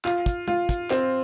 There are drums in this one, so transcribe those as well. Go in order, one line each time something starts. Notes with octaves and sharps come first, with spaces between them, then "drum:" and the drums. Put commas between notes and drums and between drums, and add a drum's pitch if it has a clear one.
F4, drum: clap
drum: kick, hi-hat
F4, drum: tom
drum: kick, hi-hat
C4, drum: clap